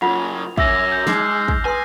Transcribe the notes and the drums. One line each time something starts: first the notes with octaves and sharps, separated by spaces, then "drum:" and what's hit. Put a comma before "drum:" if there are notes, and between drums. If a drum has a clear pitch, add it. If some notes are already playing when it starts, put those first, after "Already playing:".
F#2 C#3 F4 F#5 F7
F#2 C#4 E5 D6 E6 A#6, drum: kick
G6
G#3 D#4 D6 F6 C7, drum: snare
drum: kick
B4 G#5 C6 D#6